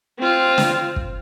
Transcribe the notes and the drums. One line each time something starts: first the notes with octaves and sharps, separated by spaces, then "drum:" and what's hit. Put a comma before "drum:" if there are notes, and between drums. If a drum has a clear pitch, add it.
C4 F4
drum: snare
drum: kick